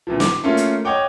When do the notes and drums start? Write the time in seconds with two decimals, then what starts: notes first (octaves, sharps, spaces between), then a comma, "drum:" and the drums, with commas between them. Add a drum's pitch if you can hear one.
0.07 A#2 D3 E3 F3
0.20 D6, drum: snare
0.44 A3 A#3 C#4 F4
0.57 drum: hi-hat
0.85 C#5 D#5 F#5 G5 D6